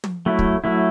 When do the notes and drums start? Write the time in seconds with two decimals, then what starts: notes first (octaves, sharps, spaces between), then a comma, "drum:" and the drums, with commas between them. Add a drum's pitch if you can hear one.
0.04 drum: tom
0.26 F#3 A3 E4
0.39 drum: kick
0.64 F#3 A3 E4